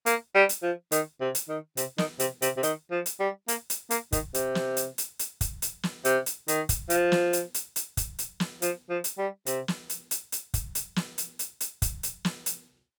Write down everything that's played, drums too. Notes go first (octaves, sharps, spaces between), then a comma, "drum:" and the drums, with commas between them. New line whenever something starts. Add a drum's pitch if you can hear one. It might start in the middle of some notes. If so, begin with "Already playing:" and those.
A#3, drum: hi-hat
G3
drum: hi-hat
F3
D#3, drum: hi-hat
C3
drum: hi-hat
D#3
C3, drum: hi-hat
D#3, drum: snare
C3, drum: hi-hat
C3, drum: hi-hat
C3
D#3, drum: hi-hat
F3
drum: hi-hat
G3
A#3, drum: hi-hat
drum: hi-hat
A#3, drum: hi-hat
D#3, drum: kick, hi-hat
C3, drum: hi-hat
drum: snare
drum: hi-hat
drum: hi-hat
drum: hi-hat
drum: kick, hi-hat
drum: hi-hat
drum: snare
C3, drum: hi-hat
drum: hi-hat
D#3, drum: hi-hat
drum: kick, hi-hat
F3, drum: hi-hat
drum: snare
drum: hi-hat
drum: hi-hat
drum: hi-hat
drum: kick, hi-hat
drum: hi-hat
drum: snare
F3, drum: hi-hat
F3
drum: hi-hat
G3
C3, drum: hi-hat
drum: snare
drum: hi-hat
drum: hi-hat
drum: hi-hat
drum: kick, hi-hat
drum: hi-hat
drum: snare
drum: hi-hat
drum: hi-hat
drum: hi-hat
drum: kick, hi-hat
drum: hi-hat
drum: snare
drum: hi-hat